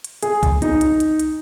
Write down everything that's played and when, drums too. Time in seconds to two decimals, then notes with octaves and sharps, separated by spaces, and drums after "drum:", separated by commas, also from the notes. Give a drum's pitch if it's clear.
0.04 drum: hi-hat
0.23 G#4, drum: hi-hat
0.43 drum: kick C2, hi-hat
0.62 D#4, drum: hi-hat
0.81 drum: hi-hat
1.00 drum: hi-hat
1.19 drum: hi-hat